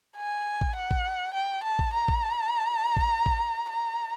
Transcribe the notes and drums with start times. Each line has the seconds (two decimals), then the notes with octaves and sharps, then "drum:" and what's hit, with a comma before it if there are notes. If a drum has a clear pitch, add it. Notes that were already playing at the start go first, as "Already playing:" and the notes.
0.17 G#5
0.61 drum: kick A1
0.76 F#5
0.91 drum: kick A1
1.34 G5
1.64 A5
1.79 drum: kick A1
1.94 A#5
2.08 drum: kick A1
2.97 drum: kick A1
3.26 drum: kick A1
3.70 A#5